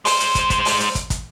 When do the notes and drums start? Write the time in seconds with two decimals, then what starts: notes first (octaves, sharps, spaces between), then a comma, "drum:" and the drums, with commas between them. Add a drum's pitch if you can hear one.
0.05 G#3 C5, drum: open hi-hat
0.20 drum: hi-hat
0.35 drum: kick, hi-hat
0.50 drum: kick, hi-hat
0.65 drum: open hi-hat
0.80 drum: hi-hat
0.95 drum: kick, hi-hat
1.10 drum: kick, hi-hat